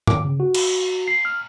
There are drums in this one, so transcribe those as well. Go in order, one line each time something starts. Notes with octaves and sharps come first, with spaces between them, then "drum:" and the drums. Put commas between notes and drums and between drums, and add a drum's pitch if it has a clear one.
D6, drum: tom
C#3
F#4
drum: cymbal
C7
F6